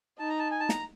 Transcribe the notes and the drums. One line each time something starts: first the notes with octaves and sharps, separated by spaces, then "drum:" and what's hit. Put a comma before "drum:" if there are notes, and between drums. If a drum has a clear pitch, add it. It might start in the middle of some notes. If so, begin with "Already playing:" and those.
D#4 A5
A#5
A5
G#5
A5
A#5, drum: snare